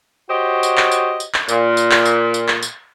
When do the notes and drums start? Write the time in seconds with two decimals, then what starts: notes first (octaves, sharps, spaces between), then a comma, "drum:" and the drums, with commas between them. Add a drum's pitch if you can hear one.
0.30 F#4 G4 C5 C#5 D#5
0.63 drum: tambourine
0.77 drum: clap
0.92 drum: tambourine
1.20 drum: tambourine
1.34 drum: clap
1.49 A#2, drum: tambourine
1.77 drum: tambourine
1.91 drum: clap
2.06 drum: tambourine
2.34 drum: tambourine
2.48 drum: clap
2.63 drum: tambourine